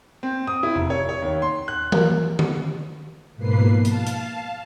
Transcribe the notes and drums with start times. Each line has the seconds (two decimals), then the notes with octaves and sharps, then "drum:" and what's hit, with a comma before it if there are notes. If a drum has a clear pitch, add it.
0.23 C4
0.47 D#6
0.63 E4
0.75 F1
0.90 C#5
1.09 C#5
1.22 D#2
1.42 C6
1.68 F#6
1.92 A#3, drum: tom E3
2.39 drum: tom D3
3.36 G#2 B2 F3 A#3 B4 C7
3.85 F5 A5, drum: hi-hat
4.07 drum: hi-hat